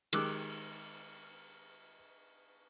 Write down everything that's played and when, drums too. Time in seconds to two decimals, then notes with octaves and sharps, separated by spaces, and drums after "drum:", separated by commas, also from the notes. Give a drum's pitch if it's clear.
0.13 D#3 G#3 G4 D6 E6 F#6, drum: cymbal